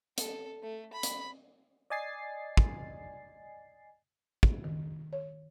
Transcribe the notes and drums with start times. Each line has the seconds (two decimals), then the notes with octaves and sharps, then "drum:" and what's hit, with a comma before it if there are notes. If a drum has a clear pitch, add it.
0.18 A4, drum: hi-hat
0.63 A3
0.93 B5
1.03 drum: hi-hat
1.90 D5 D#5 G#5 A6 C7
2.57 drum: kick
4.43 drum: kick
4.64 D#3
5.13 C#5